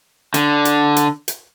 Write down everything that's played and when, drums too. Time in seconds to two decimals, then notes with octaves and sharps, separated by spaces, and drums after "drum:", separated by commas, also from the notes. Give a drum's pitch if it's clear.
0.34 D3, drum: hi-hat
0.65 drum: hi-hat
0.96 drum: hi-hat
1.28 drum: hi-hat